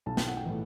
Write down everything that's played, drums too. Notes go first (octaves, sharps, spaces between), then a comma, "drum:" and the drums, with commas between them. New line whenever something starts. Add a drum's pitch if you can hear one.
B1 A5
G5, drum: snare
F#5
G5
A2 E3